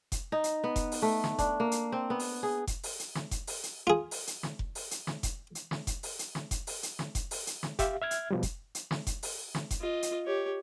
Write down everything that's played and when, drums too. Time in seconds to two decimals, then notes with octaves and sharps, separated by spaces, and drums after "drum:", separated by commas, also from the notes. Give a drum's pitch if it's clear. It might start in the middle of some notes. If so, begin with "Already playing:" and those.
0.12 drum: kick F1, hi-hat
0.32 D#4
0.44 drum: hi-hat
0.64 B3
0.76 drum: kick F1, hi-hat
0.92 drum: open hi-hat
1.02 A3
1.24 drum: snare
1.39 D4, drum: kick F1, hi-hat
1.60 A#3
1.72 drum: hi-hat
1.92 C4
2.10 B3
2.19 drum: open hi-hat
2.43 G#4
2.67 drum: kick F1, hi-hat
2.83 drum: open hi-hat
2.99 drum: hi-hat
3.15 drum: snare
3.31 drum: kick F1, hi-hat
3.47 drum: open hi-hat
3.63 drum: hi-hat
3.87 F4 G#4
4.11 drum: open hi-hat
4.27 drum: hi-hat
4.43 drum: snare
4.59 drum: kick F1
4.75 drum: open hi-hat
4.91 drum: hi-hat
5.07 drum: snare
5.23 drum: kick F1, hi-hat
5.55 drum: hi-hat
5.71 drum: snare
5.87 drum: kick F1, hi-hat
6.03 drum: open hi-hat
6.19 drum: hi-hat
6.35 drum: snare
6.51 drum: kick F1, hi-hat
6.67 drum: open hi-hat
6.83 drum: hi-hat
6.99 drum: snare
7.15 drum: kick F1, hi-hat
7.31 drum: open hi-hat
7.47 drum: hi-hat
7.63 drum: snare
7.79 G4 E5 F5, drum: kick F1, hi-hat
8.01 E5 F6 G#6
8.11 drum: hi-hat
8.31 B2 F3 G3
8.43 drum: kick F1, hi-hat
8.75 drum: hi-hat
8.91 drum: snare
9.07 drum: kick F1, hi-hat
9.23 drum: open hi-hat
9.55 drum: snare
9.71 drum: kick F1, hi-hat
9.81 F4 D#5
10.03 drum: hi-hat
10.26 G4 C#5